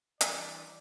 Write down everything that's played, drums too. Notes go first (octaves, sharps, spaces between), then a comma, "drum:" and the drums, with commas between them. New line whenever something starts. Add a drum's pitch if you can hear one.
E3 G3 D4 G4 C5 D5, drum: hi-hat